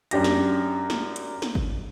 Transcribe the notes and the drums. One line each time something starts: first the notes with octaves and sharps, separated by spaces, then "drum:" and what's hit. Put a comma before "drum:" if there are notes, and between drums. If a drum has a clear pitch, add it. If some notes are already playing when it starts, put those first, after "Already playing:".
F#2 D4 G4 A#6, drum: hi-hat
drum: snare
drum: snare
drum: hi-hat
drum: snare
drum: kick G1